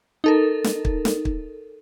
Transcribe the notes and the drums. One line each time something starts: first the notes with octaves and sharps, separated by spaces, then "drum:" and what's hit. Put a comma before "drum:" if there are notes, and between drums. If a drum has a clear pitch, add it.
D#4 A4 A#4
drum: snare
drum: kick
drum: snare
drum: kick